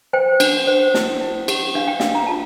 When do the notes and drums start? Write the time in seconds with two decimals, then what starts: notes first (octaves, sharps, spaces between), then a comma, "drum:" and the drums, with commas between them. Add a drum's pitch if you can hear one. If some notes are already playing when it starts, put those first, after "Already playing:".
0.13 C5 G5
0.40 D4, drum: cymbal
0.67 C5
0.94 E4, drum: snare
1.21 E4
1.48 G4, drum: cymbal
1.75 D4 F5
1.88 G5
2.00 D4 F5, drum: snare
2.15 A#5
2.27 F4 A5